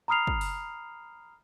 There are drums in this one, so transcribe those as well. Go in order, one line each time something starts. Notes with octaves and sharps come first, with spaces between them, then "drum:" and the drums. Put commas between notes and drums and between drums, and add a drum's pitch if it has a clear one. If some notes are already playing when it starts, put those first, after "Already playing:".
A#5 B5 D#6 F6 C7 F7
drum: kick
drum: open hi-hat